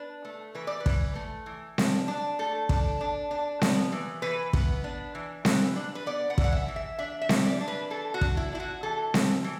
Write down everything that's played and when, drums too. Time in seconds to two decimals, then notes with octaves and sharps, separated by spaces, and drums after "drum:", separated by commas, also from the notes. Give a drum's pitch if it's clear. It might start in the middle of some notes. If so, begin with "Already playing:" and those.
Already playing: D4 B4
0.25 A3
0.55 E3 B4
0.67 D5
0.80 B4
0.86 E3, drum: kick
1.15 A3
1.46 E3
1.78 D4, drum: snare C4
2.08 D4
2.39 A3 A4
2.69 D4, drum: kick
3.01 D4
3.31 D4
3.62 B3, drum: snare C4
3.92 E3
4.22 E3 B4
4.53 B3, drum: kick
4.84 D4
5.15 E3
5.45 E3, drum: snare C4
5.76 D4
5.95 B4
6.06 B3 D5
6.30 F#5
6.38 E3, drum: kick
6.44 F#5
6.52 E5
6.68 E3
6.76 E5
6.99 D4 E5
7.21 E5
7.29 E3, drum: snare C4
7.45 D5
7.61 D4
7.68 B4
7.90 E3 A4
8.14 F#4
8.21 D4, drum: kick
8.37 E4
8.53 D4 E4
8.60 F#4
8.83 E3 A4
9.14 E3, drum: snare C4
9.44 E3